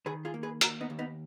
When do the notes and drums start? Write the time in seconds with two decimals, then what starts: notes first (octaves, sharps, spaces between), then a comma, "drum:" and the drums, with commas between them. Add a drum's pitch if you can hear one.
0.06 D#3 G#4 B4
0.25 F4 G#4
0.34 A#3
0.43 G#4 B4
0.61 D#2 F#4 A#4, drum: hi-hat
0.81 B3 D#4
0.90 D#2
0.99 B3 D#4